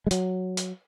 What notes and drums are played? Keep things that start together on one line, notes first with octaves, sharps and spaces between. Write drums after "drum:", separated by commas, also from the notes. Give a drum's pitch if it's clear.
G#3
F#3, drum: hi-hat
drum: hi-hat